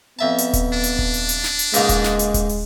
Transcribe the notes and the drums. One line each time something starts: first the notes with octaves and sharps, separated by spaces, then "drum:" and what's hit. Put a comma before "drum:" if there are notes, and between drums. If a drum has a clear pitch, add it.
F2 B3 E5 A5
drum: hi-hat
drum: kick D#1, hi-hat
D4
drum: hi-hat
drum: kick D#1
drum: open hi-hat
drum: hi-hat
drum: snare
drum: hi-hat
C#2 G#2 G#3 A#3, drum: hi-hat
drum: kick D#1, hi-hat
drum: snare
drum: hi-hat
drum: kick D#1, hi-hat
drum: open hi-hat